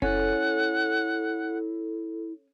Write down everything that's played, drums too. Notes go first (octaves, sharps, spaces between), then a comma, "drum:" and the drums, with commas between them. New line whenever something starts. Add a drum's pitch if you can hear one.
C#4 E4 A4 F#5, drum: kick F#1